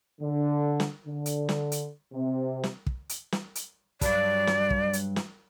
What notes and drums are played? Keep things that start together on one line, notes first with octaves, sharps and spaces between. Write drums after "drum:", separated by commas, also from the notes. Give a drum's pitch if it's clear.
D3
drum: snare
D3
drum: hi-hat
drum: snare
drum: hi-hat
C3
drum: snare
drum: kick
drum: hi-hat
drum: snare
drum: hi-hat
G2 F#3 D5, drum: kick, hi-hat
drum: snare
drum: kick
drum: hi-hat
drum: snare